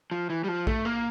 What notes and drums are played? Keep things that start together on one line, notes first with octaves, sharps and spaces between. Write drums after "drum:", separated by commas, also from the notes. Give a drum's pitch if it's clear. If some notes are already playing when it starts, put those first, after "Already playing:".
F3
E3
G3
F3
A3, drum: kick A#1
A#3